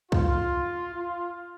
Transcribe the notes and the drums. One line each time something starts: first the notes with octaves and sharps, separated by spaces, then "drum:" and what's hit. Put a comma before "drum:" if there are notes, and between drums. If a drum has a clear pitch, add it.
F4, drum: kick
F4